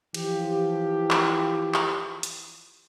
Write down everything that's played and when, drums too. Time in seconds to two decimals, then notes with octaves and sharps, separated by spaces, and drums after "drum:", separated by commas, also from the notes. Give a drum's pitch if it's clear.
0.14 E3 F3 G4, drum: cymbal
1.11 drum: clap
1.74 drum: clap
2.23 drum: hi-hat